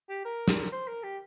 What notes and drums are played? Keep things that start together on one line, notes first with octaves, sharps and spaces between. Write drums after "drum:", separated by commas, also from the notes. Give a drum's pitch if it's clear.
G4
A#4
drum: snare
C5
A#4
G4